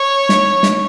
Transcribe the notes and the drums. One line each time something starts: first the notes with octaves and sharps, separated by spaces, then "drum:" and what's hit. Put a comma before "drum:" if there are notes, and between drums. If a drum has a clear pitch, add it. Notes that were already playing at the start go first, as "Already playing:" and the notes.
Already playing: C#5
drum: snare
drum: snare